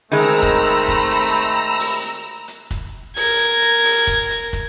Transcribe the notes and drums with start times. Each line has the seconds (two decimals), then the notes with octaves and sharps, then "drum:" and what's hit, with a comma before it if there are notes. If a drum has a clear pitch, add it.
0.12 D#3 G#3 A3 C4 A#5 B5 E6
0.43 drum: kick, hi-hat
0.65 drum: hi-hat
0.88 drum: kick, hi-hat
1.11 drum: hi-hat
1.34 drum: hi-hat
1.79 drum: open hi-hat
2.02 drum: hi-hat
2.48 drum: hi-hat
2.71 drum: kick, hi-hat
3.16 A#4 G#6, drum: open hi-hat
3.39 drum: hi-hat
3.62 drum: hi-hat
3.85 drum: open hi-hat
4.07 drum: kick, hi-hat
4.30 drum: hi-hat
4.53 drum: kick, hi-hat